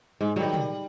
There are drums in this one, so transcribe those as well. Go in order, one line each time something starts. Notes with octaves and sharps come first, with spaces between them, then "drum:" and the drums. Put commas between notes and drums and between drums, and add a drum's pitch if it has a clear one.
G#2 G#3
D#3 F#3 G3
drum: tom